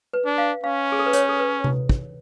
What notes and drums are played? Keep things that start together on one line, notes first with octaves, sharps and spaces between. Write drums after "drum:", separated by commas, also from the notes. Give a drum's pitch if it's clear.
B4
D4
F5
C#4 F5
G#4
A4
B4
C#5, drum: hi-hat
A4
B4
drum: tom C3
drum: kick